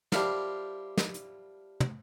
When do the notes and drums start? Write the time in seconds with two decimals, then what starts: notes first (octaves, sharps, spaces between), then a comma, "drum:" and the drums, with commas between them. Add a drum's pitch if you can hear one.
0.12 G3 D4 E4 F4 A#4 C5, drum: snare
0.97 drum: snare
1.14 drum: hi-hat
1.80 drum: tom